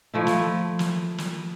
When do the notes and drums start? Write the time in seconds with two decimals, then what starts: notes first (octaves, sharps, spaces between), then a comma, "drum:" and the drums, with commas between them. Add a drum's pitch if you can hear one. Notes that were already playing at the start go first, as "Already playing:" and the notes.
0.14 F3 A3 E4
0.27 drum: snare
0.79 drum: snare
1.18 drum: snare